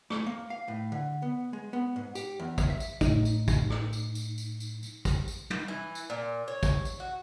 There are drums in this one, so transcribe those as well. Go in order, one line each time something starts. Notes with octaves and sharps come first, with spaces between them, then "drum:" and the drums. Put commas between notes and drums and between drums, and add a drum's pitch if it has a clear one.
A3, drum: rim click
A#3
F5
A2
D3
B3
G#3
B3
G#2
G4, drum: tambourine
E2
drum: kick, tambourine
E5
drum: tambourine
A2 D#4, drum: kick, tambourine
drum: tambourine
drum: kick, tambourine
drum: rim click
drum: tambourine
drum: tambourine
drum: tambourine
drum: tambourine
drum: tambourine
drum: kick, tambourine
drum: tambourine
drum: tom
E3
drum: tambourine
A#2
C#5
drum: kick, tambourine
drum: tambourine
F#4